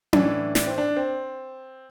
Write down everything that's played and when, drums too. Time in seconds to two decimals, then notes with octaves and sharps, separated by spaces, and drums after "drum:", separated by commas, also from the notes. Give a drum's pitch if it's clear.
0.13 A2 E3 D4, drum: tom C#4
0.55 D4, drum: snare
0.67 C4
0.78 D4
0.96 C4